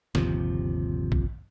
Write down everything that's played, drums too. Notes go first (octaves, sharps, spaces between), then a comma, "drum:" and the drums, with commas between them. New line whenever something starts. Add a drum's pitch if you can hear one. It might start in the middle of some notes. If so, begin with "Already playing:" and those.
G1 D#2 C3 F3, drum: snare
drum: kick